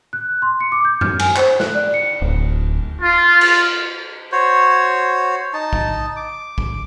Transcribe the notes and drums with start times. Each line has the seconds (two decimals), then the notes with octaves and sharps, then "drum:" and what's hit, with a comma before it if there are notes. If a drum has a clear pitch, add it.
0.13 F#6
0.42 C6
0.61 C#7
0.72 D6
0.85 G6
1.01 F6, drum: tom F#2
1.19 G#5, drum: cymbal
1.36 C5, drum: clap
1.60 F#6, drum: snare
1.75 D5
1.94 C#7
2.22 D1
3.02 F4
3.41 drum: cymbal
4.32 F#4 C5 C#5
5.54 D#4 A5
5.73 drum: kick
6.16 D6
6.58 drum: kick